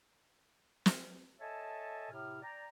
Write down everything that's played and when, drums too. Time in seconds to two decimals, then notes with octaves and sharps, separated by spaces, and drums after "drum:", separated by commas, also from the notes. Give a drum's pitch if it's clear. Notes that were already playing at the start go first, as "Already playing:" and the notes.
0.86 drum: snare
1.40 A4 C#5 D#5 E5 G#5 A5
2.12 A2 C3 F6
2.42 D5 G5 A#5